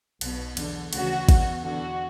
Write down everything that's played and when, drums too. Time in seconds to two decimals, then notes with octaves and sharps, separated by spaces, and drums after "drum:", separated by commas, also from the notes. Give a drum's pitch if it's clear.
0.21 B1, drum: cymbal
0.27 B2
0.57 E2 D3, drum: cymbal
0.93 D2 C#3 E3 F#4, drum: cymbal
1.29 E2 B2, drum: kick G#1, cymbal
1.64 E2 D3 F#4